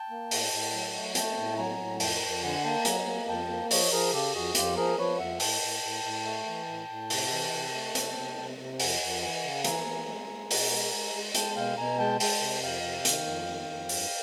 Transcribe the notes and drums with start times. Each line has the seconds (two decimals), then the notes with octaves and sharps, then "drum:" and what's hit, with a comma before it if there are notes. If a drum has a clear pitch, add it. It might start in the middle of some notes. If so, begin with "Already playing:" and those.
Already playing: G5 A5
0.10 A#3
0.31 A2, drum: open hi-hat
0.52 A2
0.74 F#3
0.95 A3
1.15 A3 G5 A5, drum: hi-hat
1.37 A2
1.58 F#3 G#5 A#5
1.80 A2
2.00 F2 G5 A5, drum: open hi-hat
2.18 A#5
2.21 F2 G5 A5
2.43 D3 F#5 G#5
2.64 A#3 G5 A5
2.85 F#3 G#5 A#5, drum: hi-hat
3.07 A#3
3.28 F2 G5 A5
3.49 A#3
3.71 F3 C#5 D#5, drum: open hi-hat
3.91 F3 G#4 A#4
4.12 C#3 G4 A4
4.34 F2 F#4 G#4
4.55 F2 F4 G4, drum: hi-hat
4.77 F3 G#4 A#4
4.98 F3 B4 C#5
5.19 F2 E5 F#5
5.40 A2 G5 A5, drum: open hi-hat
5.62 A2
5.83 A2
6.04 A2
6.25 A3
6.47 E3
6.68 A2
6.88 A2
7.10 C3, drum: open hi-hat
7.31 E3
7.53 C3
7.74 A3
7.95 C3, drum: hi-hat
8.17 C3
8.38 C3
8.58 C3
8.80 F2 F#5 G#5, drum: open hi-hat
9.01 F2
9.22 E3 F#5 G#5
9.44 C#3
9.64 E3 G#5 A#5, drum: hi-hat
9.87 E3
10.08 G#3
10.29 G#3
10.51 B2, drum: open hi-hat
10.72 G#3
10.93 G#3
11.14 G#3
11.35 G#3 G5 A5, drum: hi-hat
11.56 B2 F5 G5
11.78 B2 G#5 A#5
11.98 G#3 G5 A5
12.20 G#3 G5 A5, drum: open hi-hat
12.41 C3
12.62 F2 F5 G5
12.83 C3
13.05 D#3, drum: hi-hat
13.26 F2
13.47 D#3
13.69 F2
13.89 G2, drum: open hi-hat